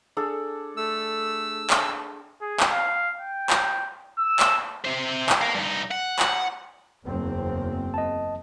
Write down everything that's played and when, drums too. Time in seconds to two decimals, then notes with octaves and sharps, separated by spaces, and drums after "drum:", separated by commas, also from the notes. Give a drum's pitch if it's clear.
0.17 D4 G#4 A4
0.77 A3 E6
1.70 drum: clap
2.41 G#4
2.60 drum: clap
2.72 F5
3.19 G5
3.50 drum: clap
4.18 E6
4.40 drum: clap
4.85 C3 C5
5.29 drum: clap
5.41 A#4 F5
5.55 G2 D#4
5.91 F#5
6.19 drum: clap
7.05 F#1 E2 C4
7.94 D#5 A5